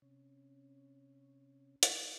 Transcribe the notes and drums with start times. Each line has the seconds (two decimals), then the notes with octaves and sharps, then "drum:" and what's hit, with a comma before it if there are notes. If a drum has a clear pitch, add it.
0.02 C3 C#4
1.83 drum: hi-hat